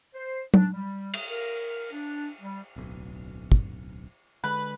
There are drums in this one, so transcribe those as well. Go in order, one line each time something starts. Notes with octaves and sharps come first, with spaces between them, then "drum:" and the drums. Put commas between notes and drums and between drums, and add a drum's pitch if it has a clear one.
C5
D4, drum: tom
G3
drum: cymbal
A#4
D4
G3
D1 B1
drum: kick
D3 G#3 B4